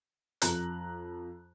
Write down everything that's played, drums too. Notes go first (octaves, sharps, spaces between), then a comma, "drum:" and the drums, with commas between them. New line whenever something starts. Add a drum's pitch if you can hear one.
F2 A#5 F#6, drum: hi-hat